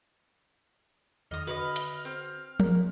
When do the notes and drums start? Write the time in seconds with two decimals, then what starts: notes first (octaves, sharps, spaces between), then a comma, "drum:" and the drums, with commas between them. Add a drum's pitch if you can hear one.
1.31 E2 D#3 D#5 D#6 F6 A#6
1.47 D3 F#4 B4 C#5 D#5
1.76 drum: hi-hat
2.05 C4
2.60 F3 G#4 A#4, drum: tom F3